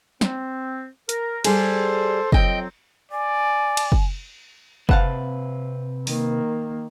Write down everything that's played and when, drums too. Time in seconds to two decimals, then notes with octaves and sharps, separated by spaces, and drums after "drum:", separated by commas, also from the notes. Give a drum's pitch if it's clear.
0.21 C4, drum: snare
1.09 A#4, drum: hi-hat
1.44 G3 G#4 A4 C5, drum: cymbal
2.32 F2 F#3 C4 D#5 G5, drum: kick F#1
3.12 D5 G#5
3.77 drum: cymbal
3.92 drum: kick F#1
4.89 C3 C4 B4 F5 F#5 A5, drum: kick F#1
6.07 D#3 A#3, drum: open hi-hat